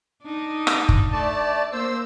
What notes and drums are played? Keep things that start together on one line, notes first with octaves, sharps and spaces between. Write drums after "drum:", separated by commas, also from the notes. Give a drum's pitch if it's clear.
D4 D#4
drum: rim click
drum: kick
A3 D5 A5
A#3 C5 E6